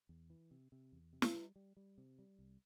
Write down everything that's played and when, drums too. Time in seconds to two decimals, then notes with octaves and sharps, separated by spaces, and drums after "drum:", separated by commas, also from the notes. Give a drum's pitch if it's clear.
0.09 E2
0.30 E3
0.51 C3
0.72 C3
0.92 E2
1.13 C3
1.22 drum: snare
1.35 G3
1.56 G3
1.77 G3
1.98 C3
2.19 G3
2.39 C2